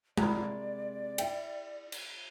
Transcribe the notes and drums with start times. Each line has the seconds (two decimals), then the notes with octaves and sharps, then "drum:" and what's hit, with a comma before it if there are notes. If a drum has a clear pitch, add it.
0.17 C3 G#3 A#3 D5 A#5 B5, drum: tom G#3
1.18 E4 E5 G5, drum: cymbal
1.92 drum: cymbal